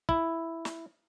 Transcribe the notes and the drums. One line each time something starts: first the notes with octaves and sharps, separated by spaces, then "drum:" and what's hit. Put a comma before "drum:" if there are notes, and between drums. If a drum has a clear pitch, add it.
E4, drum: kick
drum: snare